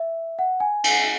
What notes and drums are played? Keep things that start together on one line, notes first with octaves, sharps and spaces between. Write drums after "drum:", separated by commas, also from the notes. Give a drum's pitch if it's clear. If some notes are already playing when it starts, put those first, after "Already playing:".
Already playing: E5
F#5
G#5
G#5, drum: cymbal